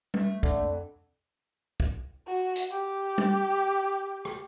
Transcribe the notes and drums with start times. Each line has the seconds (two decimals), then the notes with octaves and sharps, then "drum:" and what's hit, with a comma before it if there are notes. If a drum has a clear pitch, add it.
0.14 A3, drum: tom
0.43 D3, drum: kick B1
0.60 F2
1.80 drum: kick B1
2.27 F#4
2.56 drum: hi-hat
2.70 G4
3.18 drum: tom
4.25 drum: rim click